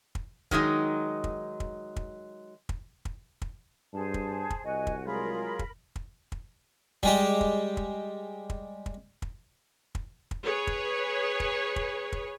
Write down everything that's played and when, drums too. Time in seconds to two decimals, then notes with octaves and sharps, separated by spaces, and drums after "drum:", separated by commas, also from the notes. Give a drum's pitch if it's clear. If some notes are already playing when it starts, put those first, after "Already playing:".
0.15 drum: kick
0.51 D#3 F#3 G#3 D#4, drum: kick
1.24 drum: kick
1.60 drum: kick
1.96 drum: kick
2.69 drum: kick
3.05 drum: kick
3.42 drum: kick
3.93 G2 G#4 C5 A5
4.14 drum: kick
4.50 drum: kick
4.65 C2 F#4 D#5 G#5
4.87 drum: kick
5.06 F#3 G#3 F4 G#4 A#4 B5
5.59 drum: kick
5.96 drum: kick
6.32 drum: kick
7.03 G3 G#3 G4, drum: kick
7.41 drum: kick
7.77 drum: kick
8.50 drum: kick
8.86 drum: kick
9.22 drum: kick
9.95 drum: kick
10.31 drum: kick
10.43 G#4 B4 C#5
10.67 drum: kick
11.40 drum: kick
11.76 drum: kick
12.12 drum: kick